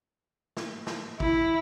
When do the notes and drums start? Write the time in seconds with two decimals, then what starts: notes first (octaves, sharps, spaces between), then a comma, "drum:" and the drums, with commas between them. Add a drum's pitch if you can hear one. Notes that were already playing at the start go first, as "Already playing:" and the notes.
0.57 drum: snare
0.87 drum: snare
1.20 E4, drum: kick